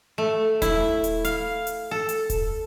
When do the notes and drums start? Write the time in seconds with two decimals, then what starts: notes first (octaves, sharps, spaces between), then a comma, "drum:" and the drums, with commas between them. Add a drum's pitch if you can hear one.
0.18 A3
0.62 E4, drum: kick D#1, hi-hat
1.04 drum: hi-hat
1.25 F5, drum: hi-hat
1.67 drum: hi-hat
1.91 A4
2.09 drum: hi-hat
2.30 drum: kick D#1, hi-hat